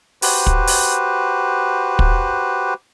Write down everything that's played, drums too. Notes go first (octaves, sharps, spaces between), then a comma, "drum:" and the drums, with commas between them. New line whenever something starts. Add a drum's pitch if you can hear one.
F#4 G4 B4 C5, drum: open hi-hat
drum: kick
drum: open hi-hat
drum: kick